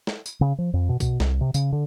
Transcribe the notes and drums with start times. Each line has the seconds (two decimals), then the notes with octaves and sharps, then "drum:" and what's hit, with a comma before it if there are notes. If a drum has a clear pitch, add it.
0.07 drum: snare
0.26 drum: tambourine
0.41 C#3
0.58 F3
0.73 F2
0.89 B2
1.00 B2, drum: kick, tambourine
1.20 C2, drum: snare
1.41 C3
1.54 C#3, drum: tambourine
1.72 D3